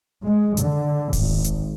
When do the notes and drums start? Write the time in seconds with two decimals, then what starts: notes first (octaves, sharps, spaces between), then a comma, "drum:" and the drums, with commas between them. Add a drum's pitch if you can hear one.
0.23 G#3
0.57 D3, drum: hi-hat
1.13 G#1, drum: kick D#1, open hi-hat
1.44 drum: hi-hat